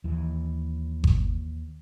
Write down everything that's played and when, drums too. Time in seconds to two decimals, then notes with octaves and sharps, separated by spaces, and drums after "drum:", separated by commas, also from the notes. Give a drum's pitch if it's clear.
0.04 D#2 E3
1.04 drum: kick G1